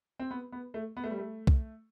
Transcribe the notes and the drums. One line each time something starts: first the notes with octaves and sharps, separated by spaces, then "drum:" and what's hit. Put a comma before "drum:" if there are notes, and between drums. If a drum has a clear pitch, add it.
C4
B3
B3
A3
B3
A3
G3
A3
drum: kick